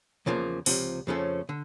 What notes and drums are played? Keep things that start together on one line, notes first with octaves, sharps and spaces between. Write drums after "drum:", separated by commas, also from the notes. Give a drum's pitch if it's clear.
E2 C#3 F3 A#3
C#2 C3 F3, drum: open hi-hat
F2 C#3 F3 A3 C#4
D3